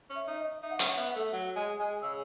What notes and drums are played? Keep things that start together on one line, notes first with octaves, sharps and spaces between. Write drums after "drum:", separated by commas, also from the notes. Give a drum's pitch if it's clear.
C#4
E5
D#4 E5
D#5
D#4 E5
F#5
C#4 E5, drum: hi-hat
F#5
B3 E5
F#5
E5
A3
F#3 F#5
G#3 G#5
G#3 G#5
C#3 E6